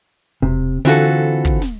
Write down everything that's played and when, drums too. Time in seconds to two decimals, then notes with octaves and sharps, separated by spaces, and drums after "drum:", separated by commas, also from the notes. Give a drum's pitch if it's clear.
0.42 E1 C3
0.85 D3 E3 C4 F4 F#4 A4
1.45 drum: kick
1.62 drum: snare